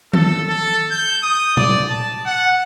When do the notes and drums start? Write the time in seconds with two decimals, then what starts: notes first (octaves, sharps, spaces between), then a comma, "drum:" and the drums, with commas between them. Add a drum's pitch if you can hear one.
0.13 A4, drum: tom D#3
0.48 A4
0.91 G6
1.23 D#6
1.57 D5, drum: tom A#2
1.90 A5
2.25 F#5